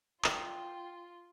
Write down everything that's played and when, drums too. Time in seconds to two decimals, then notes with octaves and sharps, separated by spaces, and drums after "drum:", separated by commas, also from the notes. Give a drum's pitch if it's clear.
0.24 F4 G5, drum: clap